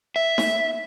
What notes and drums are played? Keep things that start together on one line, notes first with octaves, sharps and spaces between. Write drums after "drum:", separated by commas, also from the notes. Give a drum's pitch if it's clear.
E5
drum: snare D#4